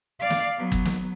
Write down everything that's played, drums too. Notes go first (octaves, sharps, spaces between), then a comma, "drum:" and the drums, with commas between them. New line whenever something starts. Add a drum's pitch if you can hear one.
D5 F5
drum: snare
F#3 B3
drum: kick
drum: snare